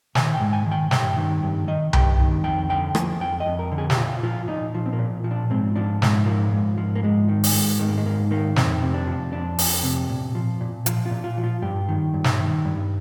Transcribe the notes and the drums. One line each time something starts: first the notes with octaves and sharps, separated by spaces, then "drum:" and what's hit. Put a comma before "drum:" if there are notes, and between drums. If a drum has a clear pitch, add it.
D#3 G#5, drum: snare
G5
G#2
G#5
D#3
G5
G2 G5, drum: snare
D#3
G2
D#3 D#5
G2 G5, drum: tom C2
D#3
F2 G5
D3 G5
F3 G#5, drum: rim click
F2 G5
D#5
F2
A#4
D3
G#4
G4, drum: snare
A#2 F4
F3 F4
A#2 D#4
F3
C4
A#3
A#2
F3
D4
G#2 C4
F3 D4
G#2, drum: snare
F3 A#3
G#2
F3
A#3
G#2 G#3
D#3
drum: open hi-hat
G#2
D#3 G#3
A#3
G#3
G#2 A#3
D#3 A#3
F2 C4, drum: snare
C3
D4
F3
F2 D4
F2, drum: open hi-hat
C3
A#2
F3
A#2
F3, drum: hi-hat
F4
A#2
F4
F3
F4
G2 G4
D#3
G2
drum: snare
D#3
G2